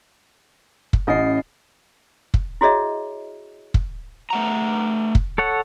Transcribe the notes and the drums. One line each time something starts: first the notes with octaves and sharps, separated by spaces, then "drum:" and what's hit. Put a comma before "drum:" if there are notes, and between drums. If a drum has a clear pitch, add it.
drum: kick
A1 C#4 E4 D#5 C7
drum: kick
E4 F#4 G#4 C#5 D#5 E5
drum: kick
A3 F#5 A#5
drum: kick
A4 C#5 F#5